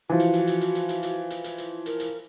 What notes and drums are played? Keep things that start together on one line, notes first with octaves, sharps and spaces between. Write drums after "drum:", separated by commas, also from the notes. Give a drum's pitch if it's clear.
E3 F3 F#4
drum: hi-hat
drum: hi-hat
drum: hi-hat
drum: hi-hat
drum: hi-hat
drum: hi-hat
drum: hi-hat
drum: hi-hat
drum: hi-hat
drum: hi-hat
A#4, drum: hi-hat
drum: hi-hat